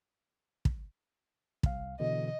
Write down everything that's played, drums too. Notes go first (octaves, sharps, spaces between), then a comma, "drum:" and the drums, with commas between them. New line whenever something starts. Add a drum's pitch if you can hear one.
drum: kick
C2 F5, drum: kick
B2 D3 E3 D#5